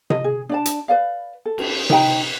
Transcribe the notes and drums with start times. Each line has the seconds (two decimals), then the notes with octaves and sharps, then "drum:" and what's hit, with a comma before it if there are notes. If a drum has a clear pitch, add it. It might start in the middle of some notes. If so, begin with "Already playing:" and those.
0.10 D#5, drum: tom C3
0.24 G#4
0.49 D4 D5 A5
0.65 drum: hi-hat
0.88 B4 D5 F5
1.45 A4
1.58 drum: cymbal
1.90 D#4 B4 G5 A#5, drum: tom C3